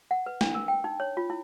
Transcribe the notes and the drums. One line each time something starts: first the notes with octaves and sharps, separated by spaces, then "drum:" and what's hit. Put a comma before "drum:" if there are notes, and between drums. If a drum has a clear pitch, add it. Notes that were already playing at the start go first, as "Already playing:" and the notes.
F#5
B4
D4, drum: snare
A#4
G5
D#4
C#5
F4
E4